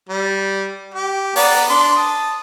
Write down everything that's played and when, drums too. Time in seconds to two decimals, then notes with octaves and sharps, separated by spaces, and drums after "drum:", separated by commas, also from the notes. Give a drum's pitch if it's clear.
0.09 G3
0.94 G4
1.36 B3 D5 A#5, drum: open hi-hat
1.69 D4 C6
1.96 A5 D#6